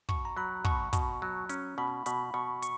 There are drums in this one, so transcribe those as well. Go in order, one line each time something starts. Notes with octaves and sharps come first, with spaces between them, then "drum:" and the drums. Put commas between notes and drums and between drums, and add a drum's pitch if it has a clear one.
B2 C#6, drum: kick
A#5
F#3 B5
B2 C#6, drum: kick
B2, drum: kick, hi-hat
F#3
C#4, drum: hi-hat
B2 B5
B2 B5, drum: hi-hat
B2 C#6
C#6, drum: hi-hat